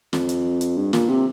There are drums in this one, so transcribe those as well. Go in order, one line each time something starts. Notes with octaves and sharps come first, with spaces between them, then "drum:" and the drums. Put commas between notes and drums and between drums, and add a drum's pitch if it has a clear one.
F2, drum: snare
drum: hi-hat
drum: hi-hat
G2
A#2, drum: snare
C3